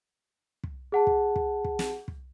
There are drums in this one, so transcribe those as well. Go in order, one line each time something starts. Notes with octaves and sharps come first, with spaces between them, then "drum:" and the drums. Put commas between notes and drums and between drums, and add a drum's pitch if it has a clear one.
drum: kick
G#4 F#5 A5
drum: kick
drum: kick
drum: kick
drum: snare
drum: kick